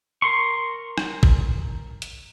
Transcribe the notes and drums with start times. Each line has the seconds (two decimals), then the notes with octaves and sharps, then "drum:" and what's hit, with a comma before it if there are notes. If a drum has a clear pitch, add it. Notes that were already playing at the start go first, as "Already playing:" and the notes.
0.22 A#4 C6 C#6
0.98 drum: rim click
1.23 drum: kick G#1
2.02 drum: hi-hat